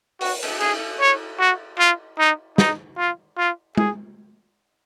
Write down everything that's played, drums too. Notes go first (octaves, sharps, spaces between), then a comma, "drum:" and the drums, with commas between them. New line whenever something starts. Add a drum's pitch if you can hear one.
F#4, drum: open hi-hat
drum: cymbal
G#4, drum: cymbal
C#5
F#4
F4
D#4
D#4, drum: snare
F4
F4
G#4, drum: tom G#3